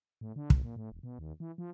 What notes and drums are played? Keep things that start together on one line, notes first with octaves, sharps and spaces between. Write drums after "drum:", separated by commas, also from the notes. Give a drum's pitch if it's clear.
A2
D3
B1, drum: kick
A#2
A2
E1
B2
D#2
E3
F3